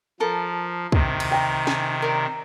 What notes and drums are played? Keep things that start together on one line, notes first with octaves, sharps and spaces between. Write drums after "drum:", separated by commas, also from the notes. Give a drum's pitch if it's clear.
F3 A4 A#4
C3 D#3, drum: kick
drum: cymbal
G5 A#5
G#5 A5, drum: snare
A#4 D5